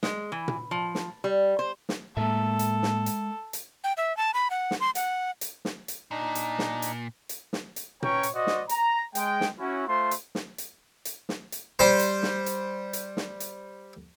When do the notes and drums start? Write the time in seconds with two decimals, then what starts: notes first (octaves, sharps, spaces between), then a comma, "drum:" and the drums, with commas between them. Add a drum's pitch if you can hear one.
0.03 G#3, drum: snare
0.32 E3
0.48 drum: tom A#2
0.71 F3
0.95 drum: snare
1.24 G3
1.59 C5
1.89 drum: snare
2.17 A2 G#3 A#3 A4 A#4 E5
2.59 drum: hi-hat
2.83 drum: snare
3.06 drum: hi-hat
3.53 drum: hi-hat
3.84 G5
3.97 E5
4.17 A5
4.34 B5
4.50 F#5
4.71 drum: snare
4.80 C6
4.95 F#5, drum: hi-hat
5.41 drum: hi-hat
5.65 drum: snare
5.88 drum: hi-hat
6.11 A#2 D4 D#4
6.35 drum: hi-hat
6.59 drum: snare
6.82 drum: hi-hat
7.29 drum: hi-hat
7.53 drum: snare
7.76 drum: hi-hat
8.03 C#4 B4 C#5 G5 A#5 C#6, drum: tom A#2
8.23 drum: hi-hat
8.35 F#4 C5 D5 D#5
8.47 drum: snare
8.69 A#5, drum: hi-hat
9.15 G#3 G5, drum: hi-hat
9.41 drum: snare
9.59 C#4 E4 F#4
9.88 A3 F4 C5 C6
10.11 drum: hi-hat
10.35 drum: snare
10.58 drum: hi-hat
11.05 drum: hi-hat
11.29 drum: snare
11.52 drum: hi-hat
11.79 G3 C5
11.99 drum: hi-hat
12.23 drum: snare
12.46 drum: hi-hat
12.93 drum: hi-hat
13.17 drum: snare
13.40 drum: hi-hat